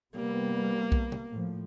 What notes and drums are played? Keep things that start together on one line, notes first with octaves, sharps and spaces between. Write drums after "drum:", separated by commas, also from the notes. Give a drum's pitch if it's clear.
C3 G3 A#3 B3
drum: kick B1
drum: tom
A2 F3